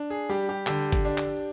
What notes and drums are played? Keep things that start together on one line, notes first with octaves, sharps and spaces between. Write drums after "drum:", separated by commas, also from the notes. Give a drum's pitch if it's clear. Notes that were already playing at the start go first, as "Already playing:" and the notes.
Already playing: D4
G#4
G3 G4
G4
D3 G4, drum: clap
drum: kick G1, hi-hat
D4
drum: clap